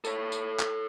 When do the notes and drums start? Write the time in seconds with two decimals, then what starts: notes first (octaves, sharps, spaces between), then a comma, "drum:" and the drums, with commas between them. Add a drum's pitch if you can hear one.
0.05 A4 C#5, drum: tambourine
0.32 drum: tambourine
0.59 drum: clap